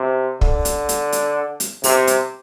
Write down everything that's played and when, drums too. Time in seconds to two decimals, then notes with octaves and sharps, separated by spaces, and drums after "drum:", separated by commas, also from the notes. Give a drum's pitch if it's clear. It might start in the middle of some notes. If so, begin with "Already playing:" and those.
Already playing: C3
0.41 D3, drum: kick
0.65 drum: hi-hat
0.89 drum: hi-hat
1.12 drum: hi-hat
1.60 drum: hi-hat
1.84 C3, drum: open hi-hat
2.07 drum: hi-hat